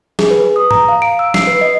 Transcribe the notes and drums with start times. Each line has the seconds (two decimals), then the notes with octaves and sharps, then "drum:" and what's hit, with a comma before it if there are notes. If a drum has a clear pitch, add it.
0.19 G#4, drum: snare
0.31 B4
0.42 B4
0.56 D#6
0.71 A#5, drum: tom G#2
0.89 F5
1.02 D7
1.19 E6
1.34 C7, drum: snare
1.47 B4
1.61 D#5